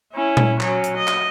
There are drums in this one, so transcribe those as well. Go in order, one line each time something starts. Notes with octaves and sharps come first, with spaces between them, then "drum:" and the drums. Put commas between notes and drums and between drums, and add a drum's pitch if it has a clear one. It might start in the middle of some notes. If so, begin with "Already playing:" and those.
C#4 E4
drum: tom A#2
F#3 C#4, drum: clap
drum: hi-hat
D#5
drum: clap